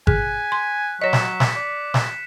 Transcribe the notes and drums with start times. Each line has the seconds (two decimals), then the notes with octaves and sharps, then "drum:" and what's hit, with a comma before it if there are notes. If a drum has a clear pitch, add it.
0.07 G#4 G#5 F#6 B6, drum: kick G#1
0.52 C6
1.02 F#3 C#5 D#5 B6 C#7 E7
1.13 drum: snare
1.40 drum: snare
1.55 D5
1.94 drum: snare